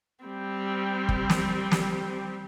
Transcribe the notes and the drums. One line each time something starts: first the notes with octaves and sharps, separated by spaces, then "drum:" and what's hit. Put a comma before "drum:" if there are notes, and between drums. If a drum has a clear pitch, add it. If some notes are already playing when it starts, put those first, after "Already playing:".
G3 C4
drum: kick G1
drum: snare
drum: snare